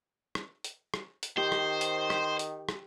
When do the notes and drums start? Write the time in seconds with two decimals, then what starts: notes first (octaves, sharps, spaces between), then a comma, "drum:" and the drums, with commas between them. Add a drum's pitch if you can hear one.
0.35 drum: rim click
0.64 drum: hi-hat
0.94 drum: rim click
1.23 drum: hi-hat
1.37 D#3 G4 C5
1.52 drum: rim click
1.81 drum: hi-hat
2.10 drum: rim click
2.39 drum: hi-hat
2.69 drum: rim click